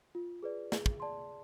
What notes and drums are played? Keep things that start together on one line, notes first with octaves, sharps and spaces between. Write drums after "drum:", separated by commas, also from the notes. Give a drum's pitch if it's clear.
F4
G#4 B4 D5
G#4, drum: snare
drum: kick
D5 A5 C6